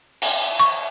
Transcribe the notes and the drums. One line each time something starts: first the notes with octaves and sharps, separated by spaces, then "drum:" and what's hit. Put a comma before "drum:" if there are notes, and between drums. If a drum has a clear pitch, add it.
drum: cymbal
C#6